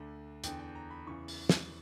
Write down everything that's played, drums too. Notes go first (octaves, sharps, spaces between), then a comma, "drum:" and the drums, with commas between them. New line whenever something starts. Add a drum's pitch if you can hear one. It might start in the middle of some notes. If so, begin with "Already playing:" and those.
Already playing: D2 D3
E2 D3 G5, drum: hi-hat
G5
A#5
B5
E2 C#3 E3 C#6
drum: open hi-hat
drum: snare